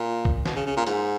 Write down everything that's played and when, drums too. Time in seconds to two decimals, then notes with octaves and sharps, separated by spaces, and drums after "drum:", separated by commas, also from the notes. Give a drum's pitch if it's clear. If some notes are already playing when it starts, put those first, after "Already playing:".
Already playing: A#2
0.25 drum: kick C2
0.46 B2, drum: snare
0.56 C#3
0.66 C#3
0.77 A#2
0.87 G#2, drum: hi-hat